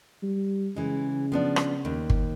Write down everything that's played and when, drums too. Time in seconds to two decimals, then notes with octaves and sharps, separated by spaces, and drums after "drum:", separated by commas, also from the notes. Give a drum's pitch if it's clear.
0.23 G3
0.76 C#3 E3 G#3
1.32 F3 B3 D4
1.56 drum: rim click
1.85 D#2
2.10 drum: kick G1